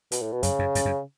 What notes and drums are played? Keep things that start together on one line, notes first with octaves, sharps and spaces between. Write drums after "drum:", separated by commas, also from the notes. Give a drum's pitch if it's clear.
B2, drum: hi-hat
A2
B2
F#2 C#3, drum: hi-hat
F#2
F#2, drum: hi-hat
F#2